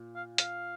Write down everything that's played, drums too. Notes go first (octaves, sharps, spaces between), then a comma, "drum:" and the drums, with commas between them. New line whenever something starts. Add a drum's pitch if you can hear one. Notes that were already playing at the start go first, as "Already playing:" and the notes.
Already playing: A#2
F5
F5, drum: hi-hat